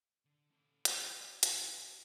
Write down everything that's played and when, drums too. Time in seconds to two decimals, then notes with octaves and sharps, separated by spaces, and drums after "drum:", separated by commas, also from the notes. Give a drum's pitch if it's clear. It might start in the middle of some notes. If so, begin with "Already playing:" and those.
0.25 D3
0.51 C#4 A4
0.85 drum: hi-hat
1.01 C#4 C#5
1.43 C#4, drum: hi-hat
1.69 G#4 D5
1.85 F#4 G#5